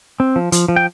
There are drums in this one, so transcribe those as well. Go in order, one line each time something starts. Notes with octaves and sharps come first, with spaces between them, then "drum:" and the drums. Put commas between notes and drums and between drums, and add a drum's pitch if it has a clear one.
C4
F3
F3, drum: hi-hat
F3
G5